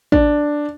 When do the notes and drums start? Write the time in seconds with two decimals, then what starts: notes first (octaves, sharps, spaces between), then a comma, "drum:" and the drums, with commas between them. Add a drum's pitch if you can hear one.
0.12 D4, drum: kick A1